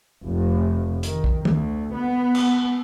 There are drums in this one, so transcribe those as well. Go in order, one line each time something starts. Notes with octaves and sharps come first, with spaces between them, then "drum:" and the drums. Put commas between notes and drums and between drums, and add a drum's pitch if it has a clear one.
F1
D#3, drum: hi-hat
drum: kick
D2, drum: tom
B3
drum: cymbal